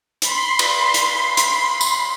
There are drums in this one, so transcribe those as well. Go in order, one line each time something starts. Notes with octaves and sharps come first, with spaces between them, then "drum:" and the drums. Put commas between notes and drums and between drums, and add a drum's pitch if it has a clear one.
B5 C6, drum: hi-hat
drum: cymbal
drum: hi-hat
drum: hi-hat
drum: tambourine